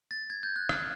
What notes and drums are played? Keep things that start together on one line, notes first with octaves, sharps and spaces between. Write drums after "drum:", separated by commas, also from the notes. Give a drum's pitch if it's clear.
A6
G#6
G6
F#6
F6, drum: rim click